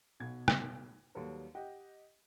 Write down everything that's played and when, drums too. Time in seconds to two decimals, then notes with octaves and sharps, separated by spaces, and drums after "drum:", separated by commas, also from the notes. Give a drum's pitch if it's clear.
0.20 B1 B2 G#6
0.48 drum: rim click
1.15 D#2 F#3 G3 A4 B4
1.55 G4 D#5 F#5 G5